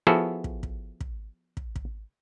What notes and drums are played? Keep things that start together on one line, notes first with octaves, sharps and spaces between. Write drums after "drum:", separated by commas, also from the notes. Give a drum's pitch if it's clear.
F3 B3 E4 F#4 G#4 A4
drum: kick
drum: kick
drum: kick
drum: kick
drum: kick